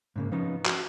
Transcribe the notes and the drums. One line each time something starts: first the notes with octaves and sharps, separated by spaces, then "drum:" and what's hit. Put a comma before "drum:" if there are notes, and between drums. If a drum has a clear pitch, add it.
G#2 C#3 A#3
F3 B3 C#4 D#4
F#4, drum: clap